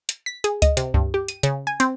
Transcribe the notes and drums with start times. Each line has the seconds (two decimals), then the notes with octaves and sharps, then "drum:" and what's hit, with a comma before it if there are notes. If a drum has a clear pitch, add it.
0.09 drum: hi-hat
0.26 B6
0.44 G#4, drum: hi-hat
0.62 D#5, drum: kick C#2, hi-hat
0.77 C3, drum: hi-hat
0.94 G2, drum: kick C#2
1.14 G4
1.28 D#7, drum: hi-hat
1.43 C#3, drum: hi-hat
1.67 G#5
1.80 C4, drum: hi-hat